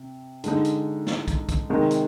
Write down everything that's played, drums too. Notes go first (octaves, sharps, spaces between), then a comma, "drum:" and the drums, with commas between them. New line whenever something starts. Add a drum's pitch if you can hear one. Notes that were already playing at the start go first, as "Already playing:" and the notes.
Already playing: C3
D3 G#3 D#4, drum: hi-hat
drum: hi-hat
drum: snare
drum: kick, hi-hat
drum: kick, hi-hat
C3 D#3 G#3 D#4
drum: hi-hat